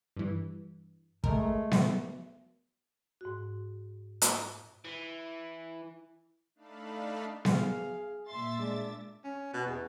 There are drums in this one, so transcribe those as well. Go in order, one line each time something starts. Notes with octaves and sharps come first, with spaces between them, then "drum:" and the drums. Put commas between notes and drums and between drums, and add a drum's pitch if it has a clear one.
G2 E3
G#3 A3 A#4, drum: kick
drum: snare B3
G#2 F#4
drum: hi-hat
E3
A3 D4 D#4 F5 A5 B5
G#4 F5, drum: snare B3
A#2 E5 C6 A6
G#3 D4 D6
C#4
B2
E2